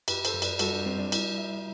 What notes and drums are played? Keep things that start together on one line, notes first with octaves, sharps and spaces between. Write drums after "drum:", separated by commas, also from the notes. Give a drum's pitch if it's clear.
F#2 G4 B4, drum: cymbal
A4 C5, drum: cymbal
F#2
B4 D5, drum: cymbal
G3 F#4 A4, drum: cymbal
D4
G3 C4
D4
E4, drum: cymbal
E5